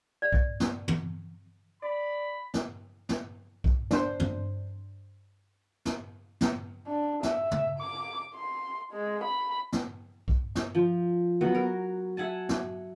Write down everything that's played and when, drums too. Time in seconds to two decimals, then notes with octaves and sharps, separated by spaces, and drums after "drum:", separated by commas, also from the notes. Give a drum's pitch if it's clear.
0.22 D5
0.33 drum: kick B1
0.60 drum: snare
0.88 drum: tom
1.83 D5 B5
2.54 drum: snare
3.09 drum: snare
3.64 drum: kick B1
3.91 D4 C5, drum: snare
4.20 drum: tom
5.85 drum: snare
6.41 drum: snare
6.87 D4
7.23 E5, drum: snare
7.51 drum: tom
7.79 D6
8.34 C6
8.92 G#3
9.24 B5
9.73 drum: snare
10.28 drum: kick B1
10.55 drum: snare
10.75 F3
11.41 F#3 B3 F#4 B4
11.55 A#4
12.17 E5 F#5 G#5 A5
12.49 drum: snare